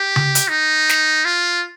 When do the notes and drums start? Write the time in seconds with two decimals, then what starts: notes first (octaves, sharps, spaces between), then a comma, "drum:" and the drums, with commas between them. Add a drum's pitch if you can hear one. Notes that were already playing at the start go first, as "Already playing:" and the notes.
Already playing: G4
0.16 drum: tom C#3
0.35 drum: hi-hat
0.48 D#4
0.89 drum: snare
1.25 F4